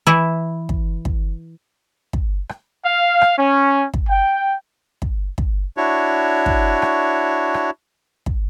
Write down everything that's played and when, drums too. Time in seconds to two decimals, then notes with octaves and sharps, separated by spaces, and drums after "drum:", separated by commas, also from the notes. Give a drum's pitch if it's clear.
0.07 E3 E4
0.69 drum: kick
1.05 drum: kick
2.13 drum: kick
2.49 drum: rim click
2.85 F5
3.21 drum: rim click
3.38 C#4
3.94 drum: kick
4.09 G5
5.02 drum: kick
5.38 drum: kick
5.77 D4 E4 F#4 C#5
6.46 drum: kick
6.82 drum: rim click
7.54 drum: rim click
8.26 drum: kick